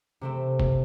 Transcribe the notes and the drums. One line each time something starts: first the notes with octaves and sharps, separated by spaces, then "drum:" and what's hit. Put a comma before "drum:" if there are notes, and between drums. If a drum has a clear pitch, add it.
C3 A3 C4
drum: kick F1